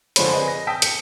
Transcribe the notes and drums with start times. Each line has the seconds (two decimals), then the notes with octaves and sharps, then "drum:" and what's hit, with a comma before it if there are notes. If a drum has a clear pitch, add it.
0.16 D3 F3 G#3 C5 C#5 B5, drum: hi-hat
0.32 C4 G#4 B4 D#5 G#5
0.48 A#6
0.67 G5 A5 D#6 E6 G6 B6
0.82 C#7, drum: hi-hat